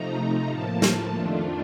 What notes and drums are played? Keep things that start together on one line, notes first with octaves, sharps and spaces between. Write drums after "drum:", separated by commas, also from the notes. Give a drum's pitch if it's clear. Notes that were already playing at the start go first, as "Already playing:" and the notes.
Already playing: C3 F3 A3 D#4 A#5
A#5
A2 F3 A#3 A5
A5, drum: snare
F2 D#3 A3 D4 F4